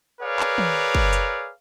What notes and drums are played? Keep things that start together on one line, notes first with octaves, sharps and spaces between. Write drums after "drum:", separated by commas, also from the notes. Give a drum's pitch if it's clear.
G#4 A#4 B4 C#5 D5 F5
drum: clap
drum: tom
drum: kick
drum: hi-hat